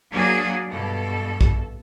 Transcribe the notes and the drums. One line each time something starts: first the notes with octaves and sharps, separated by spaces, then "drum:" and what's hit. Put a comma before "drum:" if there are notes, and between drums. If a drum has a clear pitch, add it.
F#3 A#3 D4 F#4 G#4
G2 B2 A4
drum: kick A#1